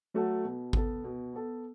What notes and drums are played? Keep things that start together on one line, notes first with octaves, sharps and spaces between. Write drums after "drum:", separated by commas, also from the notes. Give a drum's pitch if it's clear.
F#3 A3 F#4 A4
B2
B3 A4, drum: kick G#1
B2
B3 A4